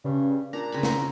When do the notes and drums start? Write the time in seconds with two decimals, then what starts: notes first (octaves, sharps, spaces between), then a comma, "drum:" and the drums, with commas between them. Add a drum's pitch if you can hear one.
0.05 G2 C#3
0.53 A#2 D4 A#5
0.72 C#3 C4 B5
0.83 drum: snare